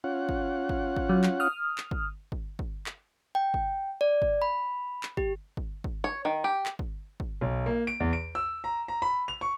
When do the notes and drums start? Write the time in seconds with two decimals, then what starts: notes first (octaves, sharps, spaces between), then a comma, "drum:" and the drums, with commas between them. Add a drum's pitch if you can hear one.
0.04 C#4 F4 F#5
0.29 drum: kick
0.69 drum: kick
0.96 drum: kick
1.09 F#3
1.24 drum: clap
1.40 D#6 F6
1.78 drum: clap
1.91 drum: kick
2.32 drum: kick
2.59 drum: kick
2.86 drum: clap
3.35 G5
3.54 drum: kick
4.01 D5
4.22 drum: kick
4.42 B5
5.03 drum: clap
5.17 G4, drum: kick
5.57 drum: kick
5.84 drum: kick
6.04 C#5
6.25 D#3
6.44 G4
6.66 drum: clap
6.79 drum: kick
7.20 drum: kick
7.41 B1
7.66 A#3
7.87 D7
8.00 E2
8.13 D7
8.35 E6
8.64 A#5
8.88 A#5
9.02 B5
9.28 F7
9.41 C#6